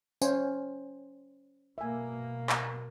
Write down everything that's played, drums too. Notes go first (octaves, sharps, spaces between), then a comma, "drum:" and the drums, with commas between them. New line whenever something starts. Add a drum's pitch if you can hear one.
C#4 C5 G#5, drum: tambourine
B2 A#3 E5 G#5
drum: clap